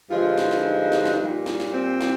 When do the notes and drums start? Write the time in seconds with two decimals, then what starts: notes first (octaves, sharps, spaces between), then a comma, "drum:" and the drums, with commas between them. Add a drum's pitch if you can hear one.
0.10 G2 D3 F3 G#3 F4
0.37 drum: snare
0.51 drum: snare
0.64 D#4
0.92 drum: snare
1.05 drum: snare
1.19 A#2 G3
1.46 drum: snare
1.60 drum: snare
1.73 C4
2.01 drum: snare